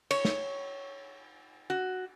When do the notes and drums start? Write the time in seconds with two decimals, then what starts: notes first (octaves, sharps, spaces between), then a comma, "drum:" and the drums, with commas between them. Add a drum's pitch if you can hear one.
0.11 C#5, drum: cymbal
0.25 drum: snare
1.70 F#4